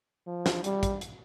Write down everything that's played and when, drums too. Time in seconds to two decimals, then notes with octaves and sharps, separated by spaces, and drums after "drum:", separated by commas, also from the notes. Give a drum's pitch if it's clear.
0.27 F3
0.46 drum: snare
0.64 G3, drum: hi-hat
0.83 drum: kick, hi-hat
1.01 drum: hi-hat